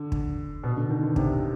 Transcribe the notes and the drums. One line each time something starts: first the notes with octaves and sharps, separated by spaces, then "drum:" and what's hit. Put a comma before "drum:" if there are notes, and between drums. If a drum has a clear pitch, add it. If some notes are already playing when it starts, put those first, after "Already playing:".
Already playing: D3
drum: kick
B2
D3
D#3
D3
C3, drum: kick